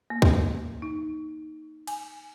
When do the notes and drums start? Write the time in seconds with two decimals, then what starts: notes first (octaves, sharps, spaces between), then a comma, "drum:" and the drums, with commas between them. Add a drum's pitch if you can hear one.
0.10 A#3
0.22 drum: kick
0.82 D#4
1.87 G#5, drum: cymbal